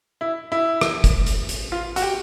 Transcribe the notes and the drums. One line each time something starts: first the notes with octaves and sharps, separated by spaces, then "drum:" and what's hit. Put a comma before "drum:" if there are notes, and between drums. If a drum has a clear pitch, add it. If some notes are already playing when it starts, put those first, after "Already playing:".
E4
E4
drum: rim click
drum: kick, hi-hat
drum: hi-hat
drum: hi-hat
F4
F#4, drum: hi-hat
G4